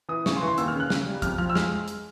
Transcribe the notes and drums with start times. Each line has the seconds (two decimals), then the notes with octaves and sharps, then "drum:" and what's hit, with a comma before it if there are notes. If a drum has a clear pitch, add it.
0.09 E3 D#6
0.26 C#3 C#6, drum: snare
0.37 C6
0.41 E3 C#6
0.48 C6
0.58 D#2 E6, drum: hi-hat
0.68 F6
0.74 C#3
0.80 F#6
0.90 C#3, drum: snare
1.06 G3
1.22 F2 F6, drum: kick, hi-hat
1.38 F3 F6
1.50 E6
1.55 G#3 F6, drum: snare
1.88 drum: hi-hat